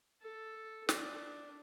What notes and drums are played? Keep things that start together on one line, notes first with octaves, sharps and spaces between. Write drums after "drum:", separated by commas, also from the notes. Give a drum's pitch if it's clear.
A4
D4, drum: snare